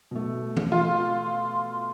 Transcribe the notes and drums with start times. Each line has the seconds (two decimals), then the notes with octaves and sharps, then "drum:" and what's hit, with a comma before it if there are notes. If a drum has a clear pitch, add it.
0.11 B2 A3
0.57 drum: tom E3
0.72 F4 C6